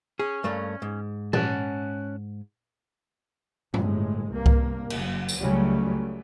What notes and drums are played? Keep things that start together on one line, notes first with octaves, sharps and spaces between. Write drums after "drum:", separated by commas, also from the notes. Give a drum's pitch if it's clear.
C#4 G#4
G2 A3 A#3
G#2
C#4 F#5 A5, drum: tom A#2
G1 A2 G#3, drum: tom
C2 G2 A#3
drum: kick C2
F#1, drum: cymbal
drum: tambourine
C#2 C#3 F#3 G3 A3 C#4